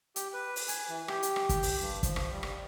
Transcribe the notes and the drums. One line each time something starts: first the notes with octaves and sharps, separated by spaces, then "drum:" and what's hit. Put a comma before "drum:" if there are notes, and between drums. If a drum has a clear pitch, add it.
G4, drum: hi-hat
B4
drum: open hi-hat
G#5, drum: hi-hat
E3
G4, drum: rim click
drum: hi-hat
drum: rim click
drum: kick, hi-hat
drum: open hi-hat
G2
F3, drum: kick, hi-hat
drum: rim click
G3
drum: rim click